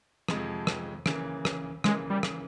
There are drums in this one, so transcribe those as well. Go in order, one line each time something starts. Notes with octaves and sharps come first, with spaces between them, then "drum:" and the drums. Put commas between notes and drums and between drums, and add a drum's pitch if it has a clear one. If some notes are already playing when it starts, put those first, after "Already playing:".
F2 C3 F3 G#3, drum: rim click
drum: rim click
C#3 E3 A#3, drum: rim click
drum: rim click
C#3 E3 G#3 A#3, drum: rim click
G3
drum: rim click